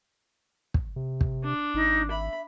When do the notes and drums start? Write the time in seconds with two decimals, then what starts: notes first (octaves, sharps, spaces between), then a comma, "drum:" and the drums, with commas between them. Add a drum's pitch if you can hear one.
0.74 drum: kick
0.96 C3
1.21 drum: kick
1.44 D4
1.74 G#1 D#4
2.11 E5 B5